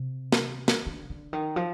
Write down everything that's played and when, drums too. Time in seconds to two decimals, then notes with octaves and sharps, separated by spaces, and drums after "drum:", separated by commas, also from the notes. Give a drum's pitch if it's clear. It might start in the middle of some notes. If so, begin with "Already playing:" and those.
Already playing: C3
0.32 drum: snare
0.68 drum: snare
0.86 D3
1.10 D3
1.33 D#3
1.56 F3